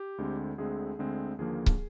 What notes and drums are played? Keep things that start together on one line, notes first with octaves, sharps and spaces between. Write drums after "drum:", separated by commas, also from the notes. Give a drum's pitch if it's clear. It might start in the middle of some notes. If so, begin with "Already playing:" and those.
Already playing: G4
D2 D3 G#3 C4
D2 D3 G#3 C4 G#4
D2 D3 G#3 C4
D#2 D3 F3 A#3 G#4
drum: kick